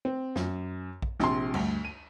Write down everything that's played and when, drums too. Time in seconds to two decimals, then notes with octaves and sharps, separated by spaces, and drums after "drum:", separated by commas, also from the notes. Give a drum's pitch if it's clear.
0.05 C4
0.36 F#2, drum: snare
1.02 drum: kick A#1
1.20 A#1 C3 C6, drum: snare
1.54 D2 G2, drum: cymbal
1.85 D#7